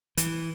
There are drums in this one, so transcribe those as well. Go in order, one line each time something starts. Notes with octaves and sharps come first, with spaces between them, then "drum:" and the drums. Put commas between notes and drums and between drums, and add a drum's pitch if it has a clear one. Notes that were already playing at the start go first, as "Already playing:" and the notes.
E3, drum: hi-hat